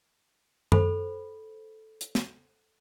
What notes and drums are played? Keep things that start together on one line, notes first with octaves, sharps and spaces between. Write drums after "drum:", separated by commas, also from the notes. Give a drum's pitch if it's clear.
A4 C5 B5, drum: tom F#2
drum: hi-hat
drum: snare